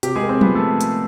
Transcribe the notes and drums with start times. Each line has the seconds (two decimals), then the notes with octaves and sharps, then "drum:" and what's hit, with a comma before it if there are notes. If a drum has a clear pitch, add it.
0.03 C3 G4, drum: hi-hat
0.16 G#3 G#4
0.23 A#3
0.29 C4 C5
0.41 F3 B3 B4, drum: tom F#3
0.55 A3 A4
0.81 drum: hi-hat